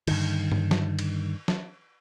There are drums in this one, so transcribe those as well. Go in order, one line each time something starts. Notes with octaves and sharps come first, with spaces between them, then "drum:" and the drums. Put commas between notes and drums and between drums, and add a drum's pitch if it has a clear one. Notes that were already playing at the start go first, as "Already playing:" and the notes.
G2 D3 D#3, drum: cymbal
drum: tom G2
drum: snare
drum: cymbal
drum: snare